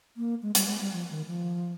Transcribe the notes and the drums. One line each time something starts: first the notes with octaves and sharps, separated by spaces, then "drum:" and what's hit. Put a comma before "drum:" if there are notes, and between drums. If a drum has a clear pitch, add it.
A#3
G#3
G3, drum: hi-hat
G#3
G3
F3
D#3
F3